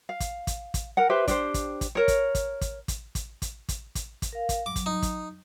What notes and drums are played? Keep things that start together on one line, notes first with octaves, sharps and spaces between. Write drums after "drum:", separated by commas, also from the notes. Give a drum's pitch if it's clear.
F5
drum: kick, hi-hat
drum: kick, hi-hat
drum: kick, hi-hat
A#4 F#5
G4 B4 C5 E5
D4 G4 C5, drum: kick, hi-hat
drum: kick, hi-hat
drum: kick, hi-hat
A#4 C#5
drum: kick, hi-hat
drum: kick, hi-hat
drum: kick, hi-hat
drum: kick, hi-hat
drum: kick, hi-hat
drum: kick, hi-hat
drum: kick, hi-hat
drum: kick, hi-hat
drum: kick, hi-hat
A#4 F5
drum: kick, hi-hat
F#3 D6
drum: kick, hi-hat
D#4
drum: kick, hi-hat